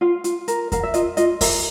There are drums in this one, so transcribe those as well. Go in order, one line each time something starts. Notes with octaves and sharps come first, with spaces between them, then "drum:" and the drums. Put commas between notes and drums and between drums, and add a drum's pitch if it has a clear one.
F4 F5
F4, drum: hi-hat
A#4, drum: hi-hat
A#4 F5, drum: kick E2, hi-hat
E5
F4 D#5, drum: hi-hat
F4 D#5, drum: hi-hat
A#4 E5, drum: kick E2, open hi-hat